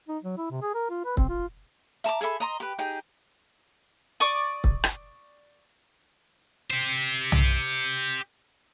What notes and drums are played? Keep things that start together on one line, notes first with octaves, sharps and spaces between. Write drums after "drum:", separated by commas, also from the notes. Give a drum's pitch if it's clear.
D#4
F#3
E4
C3
G#4
A#4
F4
B4
C4, drum: kick
F4
E5 A5 A#5 D6
G#4 A4 E5 B5
D#5 A#5 C6
G4 B4
D#4 G4 G#4 G5
D5 C#6 D#6
drum: kick
drum: rim click
G4 C5
drum: tom